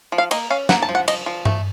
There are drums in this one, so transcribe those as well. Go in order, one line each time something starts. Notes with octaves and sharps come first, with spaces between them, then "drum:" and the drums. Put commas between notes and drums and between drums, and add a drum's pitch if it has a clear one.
F3
F5
A#3 D#5, drum: cymbal
C#4 F5
A#3 F#5, drum: snare
A5
F3
F#5
F3 D#5, drum: cymbal
F3
A3, drum: tom G2